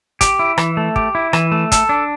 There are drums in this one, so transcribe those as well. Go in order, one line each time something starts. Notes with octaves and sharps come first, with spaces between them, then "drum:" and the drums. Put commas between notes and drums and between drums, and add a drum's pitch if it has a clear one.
G4, drum: kick, hi-hat
E4
E3, drum: rim click
A3
G4, drum: kick
E4
E3, drum: rim click
A3
A4, drum: kick, hi-hat
D4